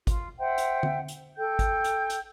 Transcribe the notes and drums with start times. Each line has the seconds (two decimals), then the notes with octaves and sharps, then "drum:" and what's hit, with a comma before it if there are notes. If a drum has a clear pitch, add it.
0.07 F4, drum: kick, hi-hat
0.39 C5 E5 F#5 G5
0.58 drum: hi-hat
0.83 drum: tom D3
1.08 drum: hi-hat
1.37 A4 G5 G6
1.59 drum: kick, hi-hat
1.84 drum: hi-hat
2.10 drum: hi-hat